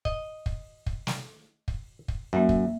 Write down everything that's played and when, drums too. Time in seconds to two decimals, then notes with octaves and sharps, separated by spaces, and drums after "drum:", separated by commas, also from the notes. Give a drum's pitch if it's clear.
0.05 D#5, drum: kick
0.46 drum: kick
0.86 drum: kick
1.07 drum: snare
1.68 drum: kick
2.08 drum: kick
2.33 F#2 A#3 E5
2.49 drum: kick